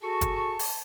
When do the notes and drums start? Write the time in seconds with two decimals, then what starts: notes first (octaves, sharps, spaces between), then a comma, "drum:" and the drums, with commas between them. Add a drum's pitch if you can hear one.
0.02 F#4 G#4 A4 A5 C#6
0.21 drum: kick, hi-hat
0.59 drum: open hi-hat